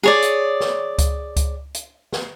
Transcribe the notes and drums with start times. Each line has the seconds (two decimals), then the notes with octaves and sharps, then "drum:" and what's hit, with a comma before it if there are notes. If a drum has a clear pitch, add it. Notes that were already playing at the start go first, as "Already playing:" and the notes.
0.03 G#4 C#5 D5
0.22 drum: hi-hat
0.60 drum: snare
0.98 drum: kick C#2, hi-hat
1.36 drum: kick C#2, hi-hat
1.74 drum: hi-hat
2.12 drum: snare